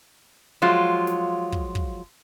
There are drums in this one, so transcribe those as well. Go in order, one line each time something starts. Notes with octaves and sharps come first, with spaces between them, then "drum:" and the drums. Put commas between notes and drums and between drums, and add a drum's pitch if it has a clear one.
F3 F#3 G#3 F4
drum: snare
drum: kick
drum: kick